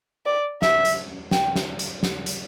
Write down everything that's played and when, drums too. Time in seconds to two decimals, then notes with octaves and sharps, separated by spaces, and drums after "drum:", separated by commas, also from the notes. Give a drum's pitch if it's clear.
0.26 D5
0.62 E5, drum: snare
0.85 drum: hi-hat
1.31 G5, drum: snare
1.56 drum: snare
1.79 drum: hi-hat
2.03 drum: snare
2.26 drum: hi-hat